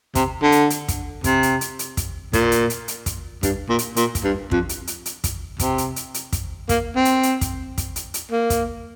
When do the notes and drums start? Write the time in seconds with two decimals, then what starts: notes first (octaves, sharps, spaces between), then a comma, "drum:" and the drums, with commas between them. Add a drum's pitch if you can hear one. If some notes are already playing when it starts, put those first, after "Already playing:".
0.15 C3, drum: kick, hi-hat
0.43 D3
0.52 drum: hi-hat
0.70 drum: hi-hat
0.88 drum: kick, hi-hat
1.24 C3, drum: kick, hi-hat
1.43 drum: hi-hat
1.61 drum: hi-hat
1.79 drum: hi-hat
1.97 drum: kick, hi-hat
2.33 A#2, drum: kick, hi-hat
2.52 drum: hi-hat
2.70 drum: hi-hat
2.88 drum: hi-hat
3.06 drum: kick, hi-hat
3.43 G2, drum: kick, hi-hat
3.69 A#2
3.79 drum: hi-hat
3.96 A#2, drum: hi-hat
4.15 drum: kick, hi-hat
4.24 G2
4.51 F2, drum: kick
4.69 drum: hi-hat
4.87 drum: hi-hat
5.06 drum: hi-hat
5.24 drum: kick, hi-hat
5.59 C3, drum: kick, hi-hat
5.78 drum: hi-hat
5.96 drum: hi-hat
6.14 drum: hi-hat
6.33 drum: kick, hi-hat
6.69 A#3, drum: kick, hi-hat
6.96 C4
7.05 drum: hi-hat
7.23 drum: hi-hat
7.41 drum: kick, hi-hat
7.78 drum: kick, hi-hat
7.96 drum: hi-hat
8.14 drum: hi-hat
8.31 A#3
8.50 drum: kick, hi-hat